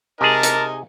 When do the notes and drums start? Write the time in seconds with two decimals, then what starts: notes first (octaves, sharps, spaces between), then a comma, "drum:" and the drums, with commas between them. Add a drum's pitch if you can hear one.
0.21 C3 D#4 G#4 A#4 D#5 G#5 A5
0.43 drum: hi-hat